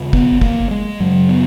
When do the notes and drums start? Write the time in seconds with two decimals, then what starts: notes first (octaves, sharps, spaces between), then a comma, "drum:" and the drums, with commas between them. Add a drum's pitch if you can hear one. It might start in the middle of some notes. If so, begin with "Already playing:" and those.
Already playing: D#2 C#3
0.13 B3, drum: kick
0.41 A#3, drum: kick
0.71 G#3
1.00 F#2 C#3 F#3
1.29 B3